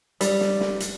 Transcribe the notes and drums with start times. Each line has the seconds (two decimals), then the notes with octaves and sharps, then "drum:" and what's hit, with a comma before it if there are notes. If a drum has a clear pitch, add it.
0.21 G3, drum: hi-hat
0.40 drum: snare
0.60 drum: snare
0.80 drum: hi-hat